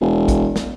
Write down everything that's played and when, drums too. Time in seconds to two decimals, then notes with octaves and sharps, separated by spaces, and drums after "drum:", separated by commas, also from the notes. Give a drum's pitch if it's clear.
0.01 E1
0.28 drum: kick, hi-hat
0.56 drum: snare